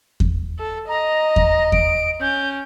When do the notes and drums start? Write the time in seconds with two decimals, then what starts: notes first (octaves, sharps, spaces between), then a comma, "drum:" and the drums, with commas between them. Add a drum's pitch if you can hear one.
0.20 drum: kick E2
0.59 A4
0.89 D#5 A#5
1.36 drum: kick E2
1.72 D7, drum: kick E2
2.21 C#4 G6